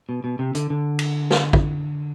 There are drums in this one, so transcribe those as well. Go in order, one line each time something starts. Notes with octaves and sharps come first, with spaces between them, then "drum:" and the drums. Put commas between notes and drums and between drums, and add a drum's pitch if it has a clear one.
B2
B2
C3
D3, drum: hi-hat
D3
drum: cymbal
drum: snare
drum: kick